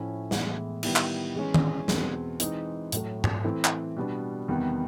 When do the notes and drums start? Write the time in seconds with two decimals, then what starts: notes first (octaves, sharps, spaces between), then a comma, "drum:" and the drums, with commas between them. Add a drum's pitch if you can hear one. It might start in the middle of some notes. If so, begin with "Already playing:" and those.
Already playing: A2 F3 A3 C#4 E4
0.31 A2 E3 G#3 B3 E4, drum: snare
0.83 D#3 G3 B3 E4, drum: cymbal
0.96 drum: clap
1.36 E3 G#3 C#4
1.54 drum: tom D#3
1.88 E2 B2 G#3 C4, drum: snare
2.40 E3 G#3 C4 D#4, drum: hi-hat
2.92 A2 F#3 A3, drum: hi-hat
3.24 drum: tom G#2
3.44 E3 A3 C4 E4
3.65 drum: clap
3.97 B2 G3 B3 D4
4.48 E2 C3 D#3 G3 B3